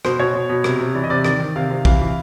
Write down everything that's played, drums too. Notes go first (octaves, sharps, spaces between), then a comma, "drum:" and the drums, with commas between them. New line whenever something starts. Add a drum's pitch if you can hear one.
B2 C5, drum: rim click
B2 C#5
B2
B2
C3, drum: rim click
C3
E3 D5
D#5
C3 D5
D#3 D5, drum: rim click
D#3
C3 F5
C3
E3 F5, drum: kick
E3